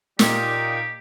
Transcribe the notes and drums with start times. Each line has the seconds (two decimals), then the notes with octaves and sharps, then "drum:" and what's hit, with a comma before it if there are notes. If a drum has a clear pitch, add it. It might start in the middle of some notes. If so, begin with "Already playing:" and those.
0.19 A#2 G3 A#3 D#4 G4, drum: snare